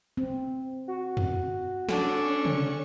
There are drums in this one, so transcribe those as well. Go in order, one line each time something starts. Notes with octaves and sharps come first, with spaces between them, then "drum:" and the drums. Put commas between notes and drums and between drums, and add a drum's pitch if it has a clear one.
C4
F#4
drum: tom E2
C#4 D4 A4 C#6, drum: snare
drum: tom C3